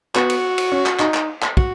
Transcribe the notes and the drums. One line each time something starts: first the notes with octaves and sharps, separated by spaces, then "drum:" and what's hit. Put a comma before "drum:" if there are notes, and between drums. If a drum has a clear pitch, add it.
B3 F#4, drum: clap
drum: cymbal
drum: cymbal
C#4
drum: clap
D#4, drum: clap
drum: clap
drum: clap
F#4, drum: kick